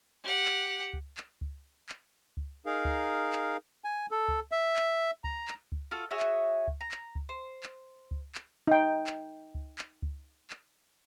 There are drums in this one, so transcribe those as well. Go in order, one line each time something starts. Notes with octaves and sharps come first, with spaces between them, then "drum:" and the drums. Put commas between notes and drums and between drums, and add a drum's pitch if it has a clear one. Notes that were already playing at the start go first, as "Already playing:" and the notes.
G4 F#5
drum: clap
drum: kick C#2
drum: clap
drum: kick C#2
drum: clap
drum: kick C#2
D#4 G#4 A#4 F5
drum: kick C#2
drum: clap
G#5
A4
drum: kick C#2
E5
drum: clap
A#5, drum: kick C#2
drum: clap
drum: kick C#2
F4 F#4 A4
F#4 G#4 C#5 E5
drum: clap
drum: kick C#2
A#5
drum: clap
drum: kick C#2
C5
drum: clap
drum: kick C#2
drum: clap
D#4 G5
drum: clap
drum: kick C#2
drum: clap
drum: kick C#2
drum: clap